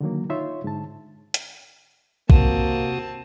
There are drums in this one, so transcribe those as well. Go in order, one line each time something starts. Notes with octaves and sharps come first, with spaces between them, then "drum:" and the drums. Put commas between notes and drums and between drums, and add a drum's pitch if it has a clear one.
D3 D#3 F#3 A#3
D#4 F4 C#5 E5 C6
G#2 D3 A5
drum: hi-hat
C3 A#3 C4 F#4 A5 D#6, drum: kick